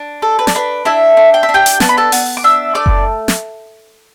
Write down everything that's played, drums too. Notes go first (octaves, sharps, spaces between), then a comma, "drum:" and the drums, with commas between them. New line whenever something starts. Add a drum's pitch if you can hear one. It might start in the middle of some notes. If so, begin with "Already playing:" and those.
Already playing: D4
A4
B4
D5, drum: snare
D4 B4
D4 E4 E5
D4
G5
E5
D4
G4 G5
drum: hi-hat
B3 A5, drum: snare
B5
A4 A5
B3, drum: open hi-hat
D6
D4 E5 E6
A3 D5 D6
drum: kick F#1
drum: snare